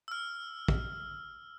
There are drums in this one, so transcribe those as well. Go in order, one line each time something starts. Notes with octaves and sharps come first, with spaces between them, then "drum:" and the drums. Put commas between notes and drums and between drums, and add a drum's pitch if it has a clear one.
E6 F6
drum: kick